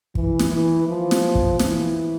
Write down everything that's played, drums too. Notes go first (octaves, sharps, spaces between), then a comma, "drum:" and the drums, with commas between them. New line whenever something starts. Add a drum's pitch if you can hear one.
E3, drum: kick
drum: snare
E3
F3
drum: snare
drum: kick
E3, drum: snare